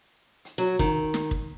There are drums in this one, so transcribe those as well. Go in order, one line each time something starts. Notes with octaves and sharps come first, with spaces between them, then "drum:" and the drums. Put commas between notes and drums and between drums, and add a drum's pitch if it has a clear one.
drum: hi-hat
F#3
D#3, drum: kick, hi-hat
drum: snare
drum: kick